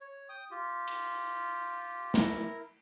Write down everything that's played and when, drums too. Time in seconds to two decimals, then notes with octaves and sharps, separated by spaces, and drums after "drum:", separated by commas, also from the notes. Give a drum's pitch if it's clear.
0.01 C#5
0.29 G5 D#6
0.51 F4 G4
0.87 drum: cymbal
2.14 E4 A#4, drum: snare